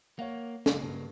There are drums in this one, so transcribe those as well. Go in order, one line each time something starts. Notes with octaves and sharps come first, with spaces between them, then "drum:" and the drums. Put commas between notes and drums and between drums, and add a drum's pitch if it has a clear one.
A#3 C#5 F5 F#5
B1 C#3 G#3 A#3, drum: snare
G2